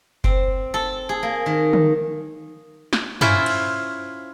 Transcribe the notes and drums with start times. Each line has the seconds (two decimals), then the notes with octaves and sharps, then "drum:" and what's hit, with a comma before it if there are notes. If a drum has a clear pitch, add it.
0.24 C4, drum: kick F#1
0.74 A4
1.09 G#4
1.23 A#3
1.46 D#3
1.73 drum: tom
2.93 drum: snare
3.21 C#4 E4 F4 C5, drum: tom
3.46 drum: cymbal